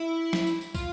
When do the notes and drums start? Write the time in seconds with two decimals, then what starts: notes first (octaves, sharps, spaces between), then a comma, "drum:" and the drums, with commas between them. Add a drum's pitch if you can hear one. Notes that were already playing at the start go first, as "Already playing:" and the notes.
Already playing: E4
0.33 drum: snare
0.47 drum: tambourine
0.61 drum: tambourine
0.75 F4, drum: kick, tambourine